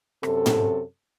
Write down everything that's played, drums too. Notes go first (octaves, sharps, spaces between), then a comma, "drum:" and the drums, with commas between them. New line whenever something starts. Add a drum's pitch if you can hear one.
F#2 C3 A4, drum: rim click
drum: tom